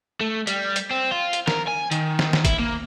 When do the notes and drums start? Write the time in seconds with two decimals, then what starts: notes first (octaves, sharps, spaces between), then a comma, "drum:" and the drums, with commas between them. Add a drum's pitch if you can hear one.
0.21 A3
0.47 G3, drum: hi-hat
0.76 drum: hi-hat
0.91 C4
1.12 F4
1.33 drum: hi-hat
1.48 A#4, drum: snare
1.68 G#5
1.92 D#3, drum: hi-hat
2.19 drum: snare
2.33 drum: snare
2.45 E4, drum: kick, hi-hat
2.60 A#3